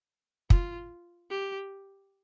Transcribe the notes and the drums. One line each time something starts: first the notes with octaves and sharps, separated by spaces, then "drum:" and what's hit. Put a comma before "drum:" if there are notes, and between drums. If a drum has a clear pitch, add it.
F4, drum: kick
G4